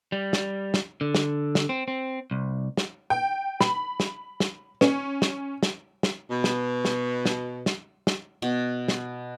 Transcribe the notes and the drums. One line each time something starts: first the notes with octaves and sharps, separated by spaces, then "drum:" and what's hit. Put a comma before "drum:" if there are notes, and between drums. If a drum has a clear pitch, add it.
G3
drum: snare
drum: snare
D3
drum: snare
drum: snare
C4
C4
C2
drum: snare
G5
B5, drum: snare
drum: snare
drum: snare
C#4, drum: snare
drum: snare
drum: snare
drum: snare
B2
drum: snare
drum: snare
drum: snare
drum: snare
drum: snare
B2
drum: snare